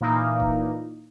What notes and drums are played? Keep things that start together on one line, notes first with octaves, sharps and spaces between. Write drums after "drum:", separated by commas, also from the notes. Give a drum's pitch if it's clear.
A#2 E3 A#3 D#4
drum: kick D#1